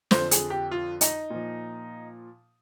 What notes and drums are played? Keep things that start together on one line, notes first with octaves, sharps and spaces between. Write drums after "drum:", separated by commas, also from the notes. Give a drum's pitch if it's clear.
F2 D3 F3 C5, drum: snare
G#4, drum: hi-hat
G4
F4
D#4, drum: hi-hat
A#2 F3